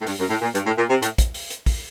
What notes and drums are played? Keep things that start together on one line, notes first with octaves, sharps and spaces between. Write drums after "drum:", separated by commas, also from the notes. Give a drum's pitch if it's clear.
A2
G2, drum: open hi-hat
F#2
A2
A#2
G2, drum: hi-hat
A2
A#2
C3
A2, drum: hi-hat
drum: kick, hi-hat
drum: open hi-hat
drum: hi-hat
drum: kick, open hi-hat